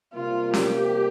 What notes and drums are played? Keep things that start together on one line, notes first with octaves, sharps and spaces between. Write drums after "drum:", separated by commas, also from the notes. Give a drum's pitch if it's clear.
C3 G3 A#3 F4
G4, drum: snare C#4